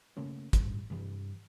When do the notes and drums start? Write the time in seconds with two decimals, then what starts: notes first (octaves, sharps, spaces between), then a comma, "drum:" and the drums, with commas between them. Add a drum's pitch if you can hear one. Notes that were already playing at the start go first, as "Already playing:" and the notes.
0.17 C#3 A3 A#3 C#4
0.53 A1 G2, drum: kick, hi-hat
0.90 G2 C3 E3 G3